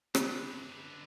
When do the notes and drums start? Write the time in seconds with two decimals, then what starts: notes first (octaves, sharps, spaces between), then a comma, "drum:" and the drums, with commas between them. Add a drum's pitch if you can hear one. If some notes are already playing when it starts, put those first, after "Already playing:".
0.15 D3 B4, drum: rim click